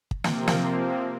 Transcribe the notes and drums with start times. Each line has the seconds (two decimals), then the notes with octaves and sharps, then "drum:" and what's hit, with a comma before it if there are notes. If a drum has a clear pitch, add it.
0.11 drum: kick
0.24 C3 F3 A#3 C4, drum: snare
0.47 drum: snare